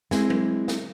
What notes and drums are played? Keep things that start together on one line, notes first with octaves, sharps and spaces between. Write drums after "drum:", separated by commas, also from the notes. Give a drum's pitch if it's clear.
G#3 C4 E4 G#4, drum: snare
drum: tom F#3
drum: snare